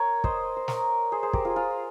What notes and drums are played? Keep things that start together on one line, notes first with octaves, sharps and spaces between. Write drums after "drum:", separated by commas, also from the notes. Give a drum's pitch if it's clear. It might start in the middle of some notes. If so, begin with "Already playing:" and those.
Already playing: A#4 C#5
C5 D#5, drum: kick
C5
A#4 C#5, drum: snare
G#4 C5
G#4 C5
G4 A#4, drum: kick
F4 G#4
F4 G#4